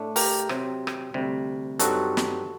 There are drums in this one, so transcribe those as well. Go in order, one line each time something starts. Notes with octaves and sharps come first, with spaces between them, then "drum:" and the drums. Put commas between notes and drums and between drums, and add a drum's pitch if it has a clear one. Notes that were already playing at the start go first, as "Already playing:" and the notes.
Already playing: A2 A3 D4
G4 A#4, drum: open hi-hat
C3 F#3 C4, drum: rim click
drum: rim click
D2 C3 G3
G2 F#3 C4 D#4 F#4 A4, drum: hi-hat
drum: snare